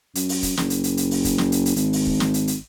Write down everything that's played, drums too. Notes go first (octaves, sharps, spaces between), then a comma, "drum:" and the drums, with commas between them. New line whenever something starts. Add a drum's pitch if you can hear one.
F#2, drum: hi-hat
drum: open hi-hat
drum: kick, hi-hat
F#1, drum: snare
drum: hi-hat
drum: hi-hat
drum: hi-hat
drum: open hi-hat
drum: kick, hi-hat
drum: snare
drum: hi-hat
drum: hi-hat
G#1, drum: hi-hat
drum: open hi-hat
drum: kick
drum: snare
drum: hi-hat
drum: hi-hat